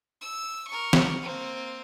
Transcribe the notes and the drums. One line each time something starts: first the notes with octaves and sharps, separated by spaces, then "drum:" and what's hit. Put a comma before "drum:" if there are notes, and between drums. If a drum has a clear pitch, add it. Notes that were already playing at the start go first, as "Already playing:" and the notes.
E6
A#4 C#6
drum: snare
A#3 C4